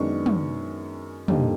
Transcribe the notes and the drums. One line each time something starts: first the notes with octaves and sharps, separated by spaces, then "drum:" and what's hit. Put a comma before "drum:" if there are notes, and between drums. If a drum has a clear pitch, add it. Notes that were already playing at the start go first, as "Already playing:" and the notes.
Already playing: F#2 D#3 G#3 B3 D4 C#6
drum: tom
F2 D3 G3 A#3 D#4, drum: tom